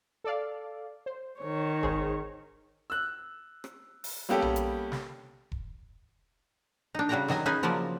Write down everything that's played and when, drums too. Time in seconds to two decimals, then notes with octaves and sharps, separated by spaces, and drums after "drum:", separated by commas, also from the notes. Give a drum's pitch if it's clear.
0.24 A4 D5 F5
1.06 C5
1.40 D#3 C#5
1.83 G#1 G#4 C5, drum: kick E1
2.90 E6 F#6
3.64 drum: rim click
4.04 drum: open hi-hat
4.29 G3 A#3 B3 C#4 G4 A4
4.42 drum: tom A#1
4.56 drum: hi-hat
4.92 drum: snare
5.52 drum: kick E1
6.95 D4 D#4
7.09 C#3 G3 F#4 G#4 G5 A#5
7.28 D#3 F#3 D#5 G#5, drum: snare
7.46 C#4 D#4 G#4 B4 G#5
7.63 C#3 F3 F#3 A#3 D5